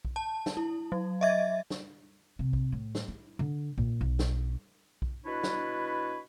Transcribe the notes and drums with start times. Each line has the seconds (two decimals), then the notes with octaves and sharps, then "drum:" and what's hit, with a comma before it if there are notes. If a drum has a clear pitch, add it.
0.05 drum: kick B1
0.16 A5
0.46 drum: snare
0.57 E4
0.92 F#3
1.21 D#5 E5 G#6 A6
1.70 drum: snare
2.39 C3
2.53 drum: kick B1
2.72 A2
2.95 drum: snare
3.08 E4
3.39 D3
3.78 A#2, drum: kick B1
4.01 B1
4.19 drum: snare
5.02 drum: kick B1
5.24 B2 D4 E4 B4 C#5 B5
5.43 drum: snare